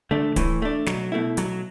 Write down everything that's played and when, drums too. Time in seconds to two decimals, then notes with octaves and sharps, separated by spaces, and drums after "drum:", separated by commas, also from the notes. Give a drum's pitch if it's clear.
0.11 D3 A3 D4
0.36 A2 E3, drum: kick D1, hi-hat
0.62 A3 D4
0.86 B1 F#3, drum: snare
1.12 B2 A3 E4
1.37 B1 F#3, drum: hi-hat